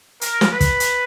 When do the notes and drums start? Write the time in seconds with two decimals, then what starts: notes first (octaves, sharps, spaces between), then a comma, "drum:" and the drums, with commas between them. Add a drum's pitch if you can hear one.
0.21 A#4, drum: hi-hat
0.41 drum: snare
0.51 B4
0.60 drum: kick, hi-hat
0.80 drum: hi-hat